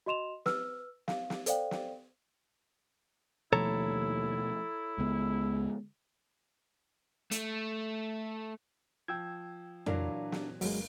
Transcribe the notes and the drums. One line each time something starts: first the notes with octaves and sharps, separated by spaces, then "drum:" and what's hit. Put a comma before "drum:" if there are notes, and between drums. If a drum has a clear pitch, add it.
F#4 D#5 C6 E7 F7
B4 E6 F6, drum: snare
F5, drum: snare
drum: snare
A4 C5 D5 F5 G5, drum: hi-hat
drum: snare
D#2 B2 F3 A3 E4 A4 C#5 A#5
C#2 C#3 G#3 B3
A3, drum: hi-hat
F3 G5 E6 G#6
A#2 E3 F#3 D4 A#4 F5, drum: tom F2
drum: snare
G1 F#3 G#3 A#3, drum: open hi-hat